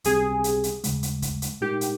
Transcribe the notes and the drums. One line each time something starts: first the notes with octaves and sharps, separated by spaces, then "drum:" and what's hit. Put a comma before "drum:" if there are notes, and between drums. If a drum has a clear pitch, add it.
C#2 C3 G3 C4 G4 G#4, drum: hi-hat
drum: hi-hat
drum: hi-hat
D#2 C#3 G#3, drum: hi-hat
drum: hi-hat
drum: kick, hi-hat
drum: hi-hat
A#2 G#3 D#4 G4 A#4
drum: hi-hat